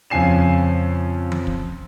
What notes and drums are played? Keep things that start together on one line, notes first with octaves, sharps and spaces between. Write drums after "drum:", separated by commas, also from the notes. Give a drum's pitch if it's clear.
F2 C#3 G#5 C7 E7
drum: tom E3
drum: kick